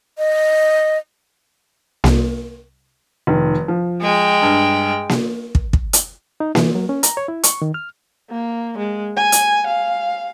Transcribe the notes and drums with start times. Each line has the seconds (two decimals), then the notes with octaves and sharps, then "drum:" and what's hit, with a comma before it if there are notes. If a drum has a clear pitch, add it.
0.18 D#5
2.04 C2, drum: snare A#3
3.27 F1 D#3
3.68 F3
4.01 G#3 G5
4.42 G2
5.09 drum: snare A#3
5.55 drum: kick
5.73 drum: kick
5.93 drum: hi-hat
6.40 D#4
6.55 E3, drum: snare A#3
6.75 F#3
6.89 C#4
7.03 A#5, drum: hi-hat
7.17 C#5
7.28 E4
7.44 C#6, drum: hi-hat
7.62 D#3
7.74 F6
8.30 A#3
8.78 G#3
9.17 G#5
9.32 drum: hi-hat
9.67 F5